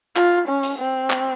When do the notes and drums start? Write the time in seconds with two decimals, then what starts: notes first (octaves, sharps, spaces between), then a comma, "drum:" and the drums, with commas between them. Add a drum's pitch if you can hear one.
0.16 F4, drum: clap
0.48 C#4
0.63 drum: hi-hat
0.79 C4
1.10 drum: clap